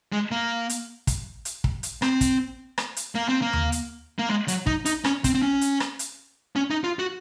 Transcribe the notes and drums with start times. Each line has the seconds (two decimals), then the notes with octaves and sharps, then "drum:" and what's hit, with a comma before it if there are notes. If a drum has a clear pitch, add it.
0.12 G#3
0.31 A#3
0.69 drum: hi-hat
1.07 drum: kick, hi-hat
1.45 drum: hi-hat
1.64 drum: kick
1.83 drum: hi-hat
2.02 C4, drum: rim click
2.21 drum: kick, hi-hat
2.78 drum: rim click
2.96 drum: hi-hat
3.15 A#3
3.29 C4
3.42 A#3
3.53 drum: tom D#2
3.72 drum: hi-hat
4.19 A#3
4.29 G#3
4.48 F#3, drum: hi-hat
4.67 D#4, drum: kick
4.86 D#4, drum: hi-hat
5.05 C#4, drum: rim click
5.24 C4, drum: kick, hi-hat
5.34 C4
5.42 C#4
5.61 drum: hi-hat
5.80 drum: rim click
5.99 drum: hi-hat
6.56 C#4
6.70 D#4
6.84 F4
6.99 F#4